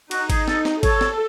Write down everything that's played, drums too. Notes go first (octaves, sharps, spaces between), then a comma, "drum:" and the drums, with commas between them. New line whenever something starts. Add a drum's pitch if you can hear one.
D#4 F#4, drum: cymbal
G#4, drum: kick G#1, cymbal
A4, drum: snare
drum: snare
A4 C#5, drum: kick G#1, cymbal
drum: snare